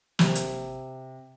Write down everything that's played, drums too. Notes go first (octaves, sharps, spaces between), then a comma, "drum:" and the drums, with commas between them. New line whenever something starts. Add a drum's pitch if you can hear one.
C3, drum: snare
drum: hi-hat